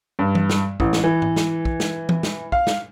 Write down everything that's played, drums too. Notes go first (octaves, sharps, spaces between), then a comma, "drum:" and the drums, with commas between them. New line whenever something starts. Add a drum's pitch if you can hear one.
G2
drum: tom E3
drum: snare
A1, drum: kick
drum: snare
E3
drum: tom G#2
drum: snare
drum: kick
drum: snare
drum: tom E3
drum: snare
F5, drum: kick
drum: snare